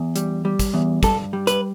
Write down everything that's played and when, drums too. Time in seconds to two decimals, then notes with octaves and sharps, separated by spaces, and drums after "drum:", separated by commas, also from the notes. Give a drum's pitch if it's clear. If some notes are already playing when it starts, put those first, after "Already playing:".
Already playing: E2
0.16 G3, drum: hi-hat
0.45 G3
0.59 drum: kick, hi-hat
0.74 E2
1.03 G2 A4, drum: kick, hi-hat
1.33 G3
1.47 B4, drum: hi-hat